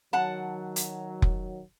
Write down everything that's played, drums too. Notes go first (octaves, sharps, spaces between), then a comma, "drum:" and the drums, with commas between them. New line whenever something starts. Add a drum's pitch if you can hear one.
D#3 F#3 F#5 A5
drum: hi-hat
drum: kick F1